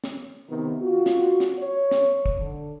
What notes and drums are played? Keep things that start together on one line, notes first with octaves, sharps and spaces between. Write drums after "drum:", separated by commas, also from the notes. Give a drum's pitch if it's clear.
drum: snare
C3 D#3 B3
F4 F#4
drum: snare
drum: snare
C#5
drum: snare
drum: kick
D3